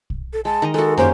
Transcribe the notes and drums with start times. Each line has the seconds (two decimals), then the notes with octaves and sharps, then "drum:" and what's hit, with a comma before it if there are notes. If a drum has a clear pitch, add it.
0.10 drum: kick
0.33 A4
0.45 G#3 A5
0.62 D#3 A#4 D#5
0.74 G#3 F#4 A4
0.97 A#3 C#4 G4 C5, drum: tom